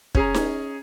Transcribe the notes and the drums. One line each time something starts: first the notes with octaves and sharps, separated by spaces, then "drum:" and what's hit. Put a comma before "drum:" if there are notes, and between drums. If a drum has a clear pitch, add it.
C#4 G#4 A#5, drum: kick
drum: snare D#4